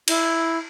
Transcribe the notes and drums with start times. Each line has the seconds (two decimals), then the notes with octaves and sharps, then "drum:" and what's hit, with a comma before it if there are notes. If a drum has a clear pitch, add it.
0.08 E4, drum: cymbal